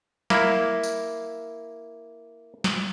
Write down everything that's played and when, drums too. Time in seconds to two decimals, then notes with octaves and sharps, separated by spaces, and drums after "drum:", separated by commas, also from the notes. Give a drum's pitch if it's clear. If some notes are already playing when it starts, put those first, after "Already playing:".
0.30 A#3 E4, drum: snare
0.83 drum: tambourine
2.64 drum: snare